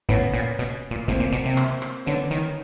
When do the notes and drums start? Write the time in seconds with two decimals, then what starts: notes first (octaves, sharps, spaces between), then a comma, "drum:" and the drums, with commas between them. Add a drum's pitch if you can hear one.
0.09 A2 B3 C#4, drum: kick, hi-hat
0.33 A#2, drum: hi-hat
0.59 B2, drum: hi-hat
0.91 A#2
1.08 A2 A#3 C4, drum: kick, hi-hat
1.20 A#2
1.32 B2, drum: hi-hat
1.45 C3
1.57 drum: rim click
1.82 drum: rim click
2.06 D3 B3 C#4, drum: hi-hat
2.31 D#3, drum: hi-hat